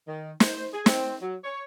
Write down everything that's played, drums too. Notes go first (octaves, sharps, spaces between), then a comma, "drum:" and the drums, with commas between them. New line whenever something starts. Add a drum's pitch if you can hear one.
D#3
C5, drum: snare
G#4
C4, drum: snare
F#3
C#5